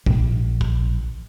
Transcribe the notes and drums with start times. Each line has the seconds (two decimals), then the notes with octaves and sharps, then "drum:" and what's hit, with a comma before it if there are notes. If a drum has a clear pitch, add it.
0.06 A#1, drum: kick
0.61 drum: kick